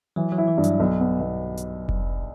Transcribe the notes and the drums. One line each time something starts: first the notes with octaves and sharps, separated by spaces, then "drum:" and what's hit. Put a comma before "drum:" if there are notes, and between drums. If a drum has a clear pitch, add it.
E3 F#3
F#3
E4
E3
G2
F#3, drum: hi-hat
B1
B3
B1
drum: hi-hat
drum: kick F1